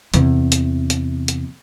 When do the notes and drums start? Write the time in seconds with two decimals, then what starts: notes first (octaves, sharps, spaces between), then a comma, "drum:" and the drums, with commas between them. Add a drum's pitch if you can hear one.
0.14 E2 C3, drum: hi-hat
0.52 drum: hi-hat
0.90 drum: hi-hat
1.28 drum: hi-hat